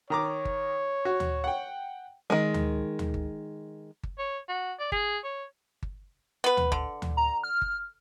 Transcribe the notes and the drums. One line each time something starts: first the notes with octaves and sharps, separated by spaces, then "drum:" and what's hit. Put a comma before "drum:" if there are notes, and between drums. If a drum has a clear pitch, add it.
D#3 C#5 A#5 D6
drum: kick G1
F#4
drum: tom D2
F#5 G5
D#3 G#3
drum: tom D2
drum: tom D2
drum: kick G1
drum: kick G1
C#5
F#4
D5
G#4, drum: kick G1
C#5
drum: kick G1
B3 B4
drum: tom D2
D3, drum: kick G1
drum: tom D2
A#5
F6
drum: kick G1